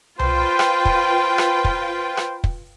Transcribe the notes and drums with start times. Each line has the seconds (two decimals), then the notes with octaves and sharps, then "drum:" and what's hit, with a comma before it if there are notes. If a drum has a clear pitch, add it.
0.19 F4 B4 C5 G5, drum: tom C2
0.59 drum: rim click
0.85 drum: kick
1.38 drum: rim click
1.64 drum: kick
2.17 drum: rim click
2.44 drum: kick